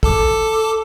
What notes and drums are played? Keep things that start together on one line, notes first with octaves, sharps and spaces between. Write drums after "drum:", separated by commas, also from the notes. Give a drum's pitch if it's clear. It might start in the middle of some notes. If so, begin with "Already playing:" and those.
A4 A5 D6, drum: kick